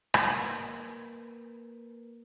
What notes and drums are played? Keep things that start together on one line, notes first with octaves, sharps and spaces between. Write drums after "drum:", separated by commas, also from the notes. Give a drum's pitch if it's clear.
A#3 A#4 B4, drum: rim click